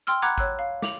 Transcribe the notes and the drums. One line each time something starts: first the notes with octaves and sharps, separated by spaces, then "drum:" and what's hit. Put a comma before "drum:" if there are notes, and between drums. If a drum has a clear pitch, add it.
G5 C6 E6 F6
F#5 A#5 B5 D6 F#6 G#6
C#5 E6 F#6, drum: kick G#1
F5
D6 F7 F#7, drum: snare